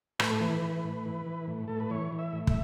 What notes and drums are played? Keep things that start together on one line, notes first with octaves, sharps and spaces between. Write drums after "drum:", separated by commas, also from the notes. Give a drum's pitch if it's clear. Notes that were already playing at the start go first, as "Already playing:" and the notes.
A2 B4, drum: rim click
A4
E3 B4
E3
A2
E3
E3
A2
A2 A4
B4
E3 C#5
E3
E5
A2
E5, drum: kick